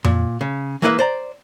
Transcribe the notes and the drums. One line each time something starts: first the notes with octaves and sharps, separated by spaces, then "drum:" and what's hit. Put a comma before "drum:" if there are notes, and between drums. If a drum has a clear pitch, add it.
A#2, drum: tom F2
C#3
E3 G#3 A#3 E4 B4 E5
C5 D5 A#5